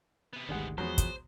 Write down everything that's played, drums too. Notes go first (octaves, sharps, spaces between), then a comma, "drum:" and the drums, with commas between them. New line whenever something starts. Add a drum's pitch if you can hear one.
C3 B3
G#1 D2 D#3 G3 G#3 F#5
E2 F3 F#3 G#3 B3 C5
drum: kick, hi-hat